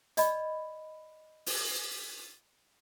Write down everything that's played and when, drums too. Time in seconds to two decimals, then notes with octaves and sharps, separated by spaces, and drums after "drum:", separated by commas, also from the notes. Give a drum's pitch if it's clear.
0.17 D5 D#5 B5, drum: hi-hat
1.46 drum: open hi-hat